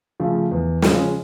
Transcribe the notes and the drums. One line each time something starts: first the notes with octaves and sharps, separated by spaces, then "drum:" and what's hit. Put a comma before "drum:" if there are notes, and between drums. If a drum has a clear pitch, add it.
C#3 F3 A3
E2
C#3 F3 G#3 C#4, drum: snare